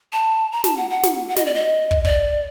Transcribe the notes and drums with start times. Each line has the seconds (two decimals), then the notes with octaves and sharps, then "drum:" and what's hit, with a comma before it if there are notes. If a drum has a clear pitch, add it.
0.13 A5
0.52 A#5
0.64 A5, drum: snare
0.77 F#5
0.90 F#5
1.03 drum: snare
1.28 F#5
1.36 D#5, drum: snare
1.46 D5
1.54 D#5
1.91 drum: kick
2.05 D5, drum: kick